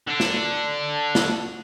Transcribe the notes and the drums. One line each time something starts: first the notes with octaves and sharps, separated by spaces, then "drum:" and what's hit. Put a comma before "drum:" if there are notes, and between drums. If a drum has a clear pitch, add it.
D3 D4
drum: snare
drum: snare